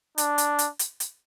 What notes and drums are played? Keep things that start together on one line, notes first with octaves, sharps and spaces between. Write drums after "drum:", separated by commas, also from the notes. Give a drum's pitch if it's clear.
D4, drum: hi-hat
drum: hi-hat
drum: hi-hat
drum: hi-hat
drum: hi-hat